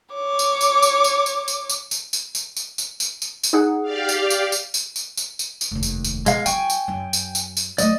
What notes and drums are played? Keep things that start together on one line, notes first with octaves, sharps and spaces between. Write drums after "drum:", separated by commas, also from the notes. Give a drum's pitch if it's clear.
C#5 D6
drum: tambourine
drum: tambourine
drum: tambourine
drum: tambourine
drum: tambourine
drum: tambourine
drum: tambourine
drum: tambourine
drum: tambourine
drum: tambourine
drum: tambourine
drum: tambourine
drum: tambourine
drum: tambourine
drum: tambourine
D#4 G#4 F#5
G4 D5 F5
drum: tambourine
drum: tambourine
drum: tambourine
drum: tambourine
drum: tambourine
drum: tambourine
drum: tambourine
drum: tambourine
F1 D#2
drum: tambourine
drum: tambourine
B2 G#3 F5, drum: tambourine
F#3 G5 G#5 C#6, drum: tambourine
drum: tambourine
F#2
drum: tambourine
drum: tambourine
drum: tambourine
F#3 A3 D5 D#5, drum: tambourine